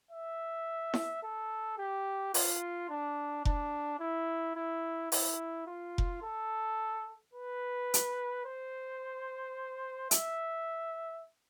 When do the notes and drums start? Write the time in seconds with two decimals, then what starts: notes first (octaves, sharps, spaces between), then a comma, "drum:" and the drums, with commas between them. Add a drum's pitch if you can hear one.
0.11 E5
0.94 drum: snare E4
1.23 A4
1.78 G4
2.34 F4, drum: open hi-hat
2.89 D4
3.45 D4, drum: kick F1
4.00 E4
4.56 E4
5.12 E4, drum: open hi-hat
5.67 F4
5.98 drum: kick F1
6.23 A4
7.34 B4
7.94 drum: hi-hat
8.45 C5
10.11 E5, drum: hi-hat